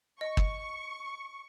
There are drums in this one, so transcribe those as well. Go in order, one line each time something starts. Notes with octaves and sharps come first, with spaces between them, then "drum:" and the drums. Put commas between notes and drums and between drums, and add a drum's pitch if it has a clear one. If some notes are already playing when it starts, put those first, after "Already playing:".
D#5 C#6
drum: kick